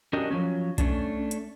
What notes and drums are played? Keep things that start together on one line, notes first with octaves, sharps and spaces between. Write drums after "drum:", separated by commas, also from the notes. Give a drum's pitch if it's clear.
C#4 D4 F#4 G4 A#4 D#5
F3 F#3 C#4
A3 C#4 D4, drum: kick B1, hi-hat
drum: hi-hat